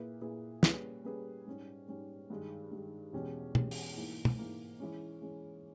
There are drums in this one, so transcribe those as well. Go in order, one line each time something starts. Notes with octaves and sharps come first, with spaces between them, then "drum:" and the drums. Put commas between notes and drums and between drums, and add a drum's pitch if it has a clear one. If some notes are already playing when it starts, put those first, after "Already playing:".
Already playing: A#2 A#3 E4 G#4 B4
A#2 A#3 E4 G#4 B4
G3 A#3 C#4 G#4 B4, drum: snare
G3 A#3 C#4 G#4 B4
G#2 G3 C#4
G#2 G3 C#4
G2 D#3 G#3
G2 D#3 G#3
E2 B2 G#3 C#4 G4
E2 B2 G#3 C#4 G4, drum: tom
drum: open hi-hat
G#2 E3 A#3
drum: tom
G#2 E3 A#3
E3 G#3 C#4
E3 G#3 C#4